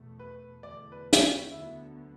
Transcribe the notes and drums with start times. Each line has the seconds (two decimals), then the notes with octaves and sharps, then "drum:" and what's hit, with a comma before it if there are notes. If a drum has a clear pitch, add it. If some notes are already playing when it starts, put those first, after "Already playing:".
Already playing: E2 B2 A3
0.19 B4
0.63 E2 D3 A3 D5
0.92 B4
1.13 drum: hi-hat
1.22 F#4
1.50 D2 D3 F#3 B3 E4